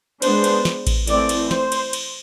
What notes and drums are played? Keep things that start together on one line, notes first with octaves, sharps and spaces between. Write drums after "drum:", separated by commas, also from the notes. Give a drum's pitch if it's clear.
G#3 B3 D4 C5, drum: cymbal
drum: cymbal
drum: snare
drum: kick A1, cymbal
E3 A3 C4 D5, drum: cymbal
drum: cymbal
C5, drum: snare
drum: cymbal
drum: cymbal